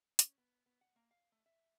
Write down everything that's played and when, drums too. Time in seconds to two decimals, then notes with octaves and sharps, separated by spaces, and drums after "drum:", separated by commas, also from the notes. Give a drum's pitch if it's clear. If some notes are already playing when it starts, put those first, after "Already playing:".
0.19 C#4, drum: hi-hat
0.38 B3
0.66 B3
0.81 F#5
0.96 A#3
1.11 F5
1.32 A3
1.46 E5